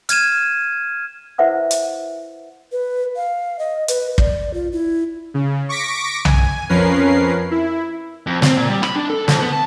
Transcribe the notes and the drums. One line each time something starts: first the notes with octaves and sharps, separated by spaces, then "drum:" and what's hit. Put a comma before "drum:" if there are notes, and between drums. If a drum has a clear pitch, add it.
F6 G#6 D#7 E7, drum: hi-hat
E4 B4 C5 E5 F#5 E6
drum: hi-hat
B4
F5
D#5
B4, drum: hi-hat
D5, drum: kick
F4
E4
C#3
C#6 D6 A#6 B6 D7
G#5, drum: tom B1
F2 F3 C#4 A#4 B4 C7
E4
F2
C4, drum: snare
A#2
G3
B5, drum: rim click
D4
A4
F2, drum: snare
B3
A5